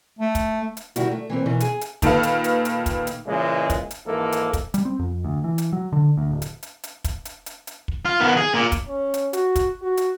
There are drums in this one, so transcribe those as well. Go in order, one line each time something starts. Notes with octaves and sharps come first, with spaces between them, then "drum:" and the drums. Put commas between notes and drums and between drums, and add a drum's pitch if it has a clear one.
A3
drum: kick, hi-hat
drum: hi-hat
D#3 G3 E4 F#4, drum: hi-hat
A3
E3 A#3 C4
B2 D#3 E3
G#4 G#5, drum: hi-hat
drum: hi-hat
A#2 D#3 A4 B4 F5, drum: kick, hi-hat
drum: hi-hat
drum: hi-hat
drum: hi-hat
drum: kick, hi-hat
drum: hi-hat
A#2 C#3 E3 G#3
drum: kick, hi-hat
drum: hi-hat
G#1 G#2 E3 A#3 A4
drum: hi-hat
drum: kick, hi-hat
G3, drum: hi-hat
C4
F2
D2
E3
drum: hi-hat
F#3
D3
D2
D1
drum: hi-hat
drum: hi-hat
drum: hi-hat
drum: kick, hi-hat
drum: hi-hat
drum: hi-hat
drum: hi-hat
drum: kick
F4
D#3 B3
G#4
A#2
drum: kick, hi-hat
C#4
drum: hi-hat
F#4, drum: hi-hat
drum: kick, hi-hat
F#4
drum: hi-hat